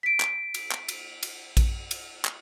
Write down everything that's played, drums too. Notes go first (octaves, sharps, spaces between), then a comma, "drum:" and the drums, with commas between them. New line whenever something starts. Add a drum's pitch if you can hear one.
B6 D7
drum: clap
drum: cymbal
drum: clap
drum: cymbal
drum: cymbal
drum: kick A#1, cymbal
drum: cymbal
drum: clap